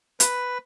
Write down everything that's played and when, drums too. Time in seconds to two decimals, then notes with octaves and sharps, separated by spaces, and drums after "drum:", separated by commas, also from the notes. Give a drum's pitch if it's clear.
0.20 B4, drum: hi-hat